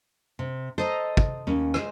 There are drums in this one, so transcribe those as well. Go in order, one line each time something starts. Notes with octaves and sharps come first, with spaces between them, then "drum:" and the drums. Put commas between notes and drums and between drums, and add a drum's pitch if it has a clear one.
C3
A4 C5 D#5 A#5
drum: kick
D#2 C#4
G#3 C5, drum: rim click